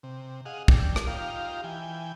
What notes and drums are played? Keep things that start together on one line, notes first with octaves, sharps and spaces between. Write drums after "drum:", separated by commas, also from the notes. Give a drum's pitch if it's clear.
C3
G#4 D#5 F5 F#5
D4 G4, drum: kick
drum: rim click
D#4 F4 G4 F5 A#5
E3 G5 G#5